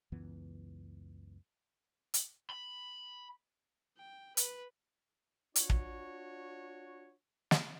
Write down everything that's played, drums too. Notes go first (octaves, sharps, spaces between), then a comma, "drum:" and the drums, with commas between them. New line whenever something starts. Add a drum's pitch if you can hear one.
C#2 F#2 E3 B3
drum: hi-hat
B5
G5
B4, drum: hi-hat
D4 F4 F#4 C#5, drum: hi-hat
drum: kick
drum: snare